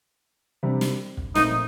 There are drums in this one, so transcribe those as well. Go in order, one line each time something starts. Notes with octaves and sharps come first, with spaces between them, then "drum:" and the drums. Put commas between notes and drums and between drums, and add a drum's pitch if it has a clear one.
C3 G3 D4
drum: snare
drum: kick
A#2 F3 A3 C4 D#4, drum: snare